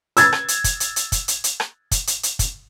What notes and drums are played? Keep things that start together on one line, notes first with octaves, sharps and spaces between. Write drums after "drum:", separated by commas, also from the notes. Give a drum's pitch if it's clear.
E6 G#6 A6, drum: hi-hat
drum: rim click
drum: hi-hat
drum: kick, hi-hat
drum: hi-hat
drum: hi-hat
drum: kick, hi-hat
drum: hi-hat
drum: hi-hat
drum: rim click
drum: kick, hi-hat
drum: hi-hat
drum: hi-hat
drum: kick, hi-hat